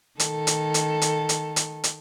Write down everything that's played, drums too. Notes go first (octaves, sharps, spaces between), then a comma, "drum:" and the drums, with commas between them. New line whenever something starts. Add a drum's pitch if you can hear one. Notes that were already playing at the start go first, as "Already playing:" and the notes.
D#3 A4, drum: hi-hat
drum: hi-hat
drum: hi-hat
drum: hi-hat
drum: hi-hat
drum: hi-hat
drum: hi-hat